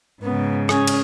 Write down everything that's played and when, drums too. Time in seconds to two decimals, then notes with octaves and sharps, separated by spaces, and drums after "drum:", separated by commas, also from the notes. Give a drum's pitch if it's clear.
0.22 G#2 C#3 B3
0.69 C#4 G#4, drum: rim click
0.87 drum: cymbal